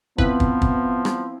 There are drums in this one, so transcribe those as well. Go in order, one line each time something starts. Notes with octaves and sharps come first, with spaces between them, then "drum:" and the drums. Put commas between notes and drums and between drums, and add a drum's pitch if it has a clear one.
F3 B3 C4 E4 B4 B5, drum: kick
drum: kick
drum: kick
drum: rim click